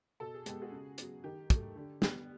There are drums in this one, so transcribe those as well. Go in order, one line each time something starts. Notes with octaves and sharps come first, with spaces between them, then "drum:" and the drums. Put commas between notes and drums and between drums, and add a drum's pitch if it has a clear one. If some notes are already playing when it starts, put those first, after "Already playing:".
B2 A4
G#4
G#3 B3 G4, drum: hi-hat
F#4 G#4
C#3
F#3 B3, drum: hi-hat
D#3 G4
F#3 A3, drum: kick, hi-hat
D3
G3 B3, drum: snare